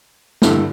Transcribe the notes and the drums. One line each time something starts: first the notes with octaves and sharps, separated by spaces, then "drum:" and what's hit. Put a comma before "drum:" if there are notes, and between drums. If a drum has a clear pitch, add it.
G2 D3 A3 E4, drum: snare